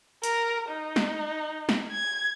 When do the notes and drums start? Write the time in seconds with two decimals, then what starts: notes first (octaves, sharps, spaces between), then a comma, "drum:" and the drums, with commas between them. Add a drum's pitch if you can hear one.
0.24 A#4, drum: hi-hat
0.69 D#4
0.96 drum: snare
1.69 drum: snare
1.92 G#6